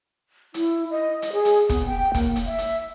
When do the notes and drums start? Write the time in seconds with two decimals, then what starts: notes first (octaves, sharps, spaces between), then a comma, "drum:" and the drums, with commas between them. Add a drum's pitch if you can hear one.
0.54 E4, drum: hi-hat
0.91 D#5
1.22 drum: hi-hat
1.33 G#4
1.45 drum: hi-hat
1.69 B3, drum: kick, hi-hat
1.86 G5
2.14 A#3, drum: kick, hi-hat
2.36 drum: hi-hat
2.47 E5
2.58 drum: hi-hat